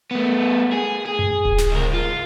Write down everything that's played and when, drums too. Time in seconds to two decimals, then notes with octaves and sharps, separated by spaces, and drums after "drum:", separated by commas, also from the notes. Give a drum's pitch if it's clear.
0.11 A3 B3
0.73 G#4
1.06 G#4
1.19 drum: tom F#2
1.45 drum: kick D1
1.58 drum: snare
1.71 C#2 A#4
1.94 F4